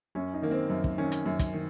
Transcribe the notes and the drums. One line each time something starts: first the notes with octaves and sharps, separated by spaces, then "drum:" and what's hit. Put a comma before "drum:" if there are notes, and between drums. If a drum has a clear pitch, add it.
F#2 C#4
D#4
D#3 A#3
C4
F#2
drum: kick
D#3 C#4
drum: hi-hat
F#2
drum: kick, hi-hat
D#3